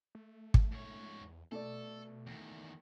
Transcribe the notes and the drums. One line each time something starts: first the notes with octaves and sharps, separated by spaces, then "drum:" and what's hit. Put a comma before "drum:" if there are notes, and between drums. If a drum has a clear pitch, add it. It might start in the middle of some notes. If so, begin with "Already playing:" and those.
A3
drum: kick
G#2 C#5
E2
B2 A3 A4 D5
E2 D#3